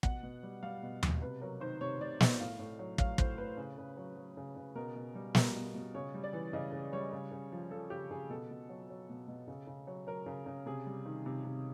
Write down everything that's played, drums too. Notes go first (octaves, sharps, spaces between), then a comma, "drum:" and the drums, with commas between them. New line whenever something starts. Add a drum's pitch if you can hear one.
B2 F#5, drum: kick
B2
G3
G3 F5
B2
B2, drum: tom D#2
C3 B4
F#3 A#4
D#3 C5
C3 C#5
C3 D5
F#3 D#5, drum: snare
A2 F5
A2
F#3
F#3 F5, drum: kick
A2 C5, drum: kick
A2 B4
C#3
C#3
F#3
F#3
C#3
C#3
B2 A#4
B2
G3
G3 A#4, drum: snare
B2
B2
C#3 C#5
G3
D5
E3
C#3 D#5
C#3
G3 C#5
C#3
C#3
F3
F3 A4
C#3 G4
C#3 G#4
B2 A4
B2
F#3
F#3
B2
B2
C#3
C#3
F#3
F#3 A#4
C#3
C#3
C3 G#4
G3
D#3
C3
C3